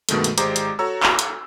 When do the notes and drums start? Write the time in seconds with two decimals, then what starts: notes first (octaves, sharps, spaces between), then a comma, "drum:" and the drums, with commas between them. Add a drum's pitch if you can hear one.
0.09 G2 B2 D#3 G#3 A3, drum: hi-hat
0.24 drum: hi-hat
0.38 G#1 G#3 G4 C5 A#5 D6, drum: hi-hat
0.56 drum: hi-hat
0.79 F#4 A4 C#5 A#5 E6
1.03 drum: clap
1.19 drum: hi-hat